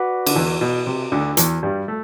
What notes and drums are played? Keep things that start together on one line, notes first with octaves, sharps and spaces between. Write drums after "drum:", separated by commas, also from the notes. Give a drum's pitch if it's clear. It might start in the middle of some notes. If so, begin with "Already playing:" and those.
Already playing: F#4 B4 D5
D3, drum: cymbal
E2 E3
B2
C3
D2 D3
E2 E3, drum: hi-hat
G2 G3
A3